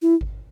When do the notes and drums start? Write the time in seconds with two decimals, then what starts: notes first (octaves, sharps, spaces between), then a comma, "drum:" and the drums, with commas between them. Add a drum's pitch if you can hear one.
0.02 E4
0.21 drum: kick G#1